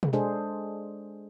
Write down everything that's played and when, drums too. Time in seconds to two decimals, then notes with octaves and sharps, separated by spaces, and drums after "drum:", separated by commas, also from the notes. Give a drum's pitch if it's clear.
0.03 drum: tom B2
0.13 G#3 D4 G#4 A4 C5